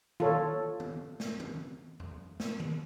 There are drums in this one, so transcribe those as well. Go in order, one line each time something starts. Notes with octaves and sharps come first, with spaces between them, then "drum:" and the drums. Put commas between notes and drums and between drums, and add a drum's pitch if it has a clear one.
F4 A4 C#5, drum: tom D#3
drum: tom D#3
drum: snare
drum: tom D#3
drum: tom E2
drum: snare
drum: tom D#3